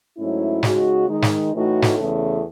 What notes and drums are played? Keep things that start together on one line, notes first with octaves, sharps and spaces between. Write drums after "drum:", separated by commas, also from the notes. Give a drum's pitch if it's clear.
G#2 F#3 A3 C#4 E4
C#3 G#3 D#4 F#4, drum: snare
D#3 G#3 D#4
drum: snare
A2 E3 A3 D#4 F#4
drum: snare
E2 C#3 E3 A3